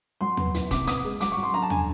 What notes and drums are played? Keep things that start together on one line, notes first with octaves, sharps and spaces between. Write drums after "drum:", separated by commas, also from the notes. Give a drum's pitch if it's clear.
F#3 C6
B3, drum: tom
E3, drum: hi-hat
C3 D6, drum: kick D#1, hi-hat
B3 D#6, drum: hi-hat
G#3
F#3 D6, drum: hi-hat
C#6
F#3
C6
D3 A#5
A5
D3 G#5, drum: tom